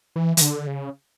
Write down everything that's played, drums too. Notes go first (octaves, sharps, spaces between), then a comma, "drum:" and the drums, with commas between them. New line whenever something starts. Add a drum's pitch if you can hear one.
E3
E3, drum: hi-hat
D3
C#3